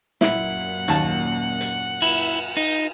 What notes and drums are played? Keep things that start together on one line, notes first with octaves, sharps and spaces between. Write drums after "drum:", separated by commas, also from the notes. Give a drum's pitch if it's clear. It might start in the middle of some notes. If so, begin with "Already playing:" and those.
F#2 A#2 E4 F#5, drum: snare
D#2 A5, drum: hi-hat
drum: hi-hat
E4, drum: cymbal
D#4